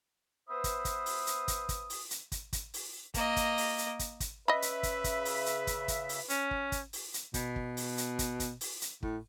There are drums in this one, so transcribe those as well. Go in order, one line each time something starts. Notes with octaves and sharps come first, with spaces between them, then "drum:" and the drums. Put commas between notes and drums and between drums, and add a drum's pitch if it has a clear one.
B3 B4 C5 E5 B5 D#6
drum: kick, hi-hat
drum: kick, hi-hat
drum: open hi-hat
drum: hi-hat
drum: kick, hi-hat
drum: kick, hi-hat
drum: open hi-hat
drum: hi-hat
drum: kick, hi-hat
drum: kick, hi-hat
drum: open hi-hat
A#3 D#5, drum: kick, hi-hat
drum: kick, hi-hat
drum: open hi-hat
drum: hi-hat
drum: kick, hi-hat
drum: kick, hi-hat
C#3 B4 D#5 E5 B5
drum: hi-hat
drum: kick, hi-hat
drum: kick, hi-hat
drum: open hi-hat
drum: hi-hat
drum: kick, hi-hat
drum: kick, hi-hat
drum: open hi-hat
C#4, drum: hi-hat
drum: kick
drum: kick, hi-hat
drum: open hi-hat
drum: hi-hat
B2, drum: kick, hi-hat
drum: kick
drum: open hi-hat
drum: hi-hat
drum: kick, hi-hat
drum: kick, hi-hat
drum: open hi-hat
drum: hi-hat
A2, drum: kick